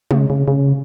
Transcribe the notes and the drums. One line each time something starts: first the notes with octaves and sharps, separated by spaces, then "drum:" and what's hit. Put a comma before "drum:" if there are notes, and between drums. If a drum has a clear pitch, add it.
C#3, drum: tom G#3
C#3
C#3